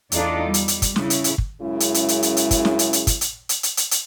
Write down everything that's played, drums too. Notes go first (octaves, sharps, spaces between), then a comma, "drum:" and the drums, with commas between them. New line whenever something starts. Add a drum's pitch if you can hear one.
E2 D4 D#4 F4 A4 D5, drum: hi-hat
G3
drum: hi-hat
drum: hi-hat
drum: kick, hi-hat
C#3 E4, drum: snare
drum: hi-hat
drum: hi-hat
drum: kick
F#2 C#3 G#3 E4
drum: hi-hat
drum: hi-hat
drum: hi-hat
drum: hi-hat
drum: hi-hat
drum: kick, hi-hat
drum: snare
drum: hi-hat
drum: hi-hat
drum: kick, hi-hat
drum: hi-hat
drum: hi-hat
drum: hi-hat
drum: hi-hat
drum: hi-hat